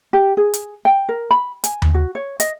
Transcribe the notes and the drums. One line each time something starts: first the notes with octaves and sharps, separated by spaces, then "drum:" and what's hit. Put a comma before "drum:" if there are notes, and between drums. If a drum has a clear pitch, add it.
G4
G#4
drum: hi-hat
G5
A#4
B5
G#5, drum: hi-hat
drum: tom D#2
F#4
C#5
D#5, drum: hi-hat